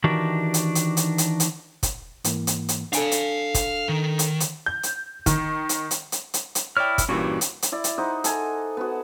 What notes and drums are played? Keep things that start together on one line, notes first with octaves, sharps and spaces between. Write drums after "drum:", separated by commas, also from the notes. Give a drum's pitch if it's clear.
D#3 E3 D4 F#4 G4 A#4
drum: hi-hat
drum: hi-hat
drum: hi-hat
drum: hi-hat
drum: hi-hat
drum: kick, hi-hat
G#2 E3 A#3, drum: hi-hat
drum: hi-hat
drum: hi-hat
D4 A4 F5 G#5, drum: hi-hat
drum: hi-hat
drum: kick, hi-hat
D#3
drum: hi-hat
drum: hi-hat
G6
drum: hi-hat
D#3, drum: kick, hi-hat
drum: hi-hat
drum: hi-hat
drum: hi-hat
drum: hi-hat
drum: hi-hat
E4 C#5 D5 G5 F6
drum: kick, hi-hat
G2 A#2 E3 C#4 F#4 G4
drum: hi-hat
drum: hi-hat
E4 D5
drum: hi-hat
D#4 C5 D#5 F#5
A4 G#5 A#5, drum: hi-hat
B3 F#4